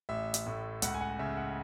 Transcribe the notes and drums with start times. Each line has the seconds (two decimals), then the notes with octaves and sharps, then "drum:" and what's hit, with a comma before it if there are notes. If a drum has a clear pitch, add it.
0.09 A1 E5
0.34 drum: hi-hat
0.47 A2
0.82 C#2 F#5, drum: hi-hat
0.94 G#5
1.01 F#5
1.19 C#3 E5
1.37 F#5